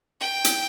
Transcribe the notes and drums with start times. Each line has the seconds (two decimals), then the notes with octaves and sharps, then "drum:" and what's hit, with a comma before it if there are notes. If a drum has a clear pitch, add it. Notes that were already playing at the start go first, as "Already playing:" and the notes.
0.20 G5
0.45 drum: hi-hat